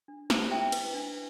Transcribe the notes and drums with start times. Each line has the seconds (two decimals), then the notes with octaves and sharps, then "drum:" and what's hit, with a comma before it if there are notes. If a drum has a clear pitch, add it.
0.08 D4
0.30 G4 C5, drum: snare
0.51 E4 E5 G5
0.72 B4, drum: cymbal
0.95 D4